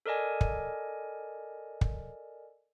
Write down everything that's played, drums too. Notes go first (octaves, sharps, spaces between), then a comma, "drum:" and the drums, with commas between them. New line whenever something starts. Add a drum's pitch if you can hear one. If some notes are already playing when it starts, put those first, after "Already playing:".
A4 A#4 D5 D#5 G#5
drum: kick
drum: kick